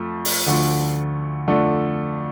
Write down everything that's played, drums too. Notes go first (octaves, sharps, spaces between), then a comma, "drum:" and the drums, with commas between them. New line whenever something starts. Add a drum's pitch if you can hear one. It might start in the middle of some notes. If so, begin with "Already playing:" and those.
Already playing: F2 A3
drum: open hi-hat
D2 D3 F3 A3
F2 D3 A3 D4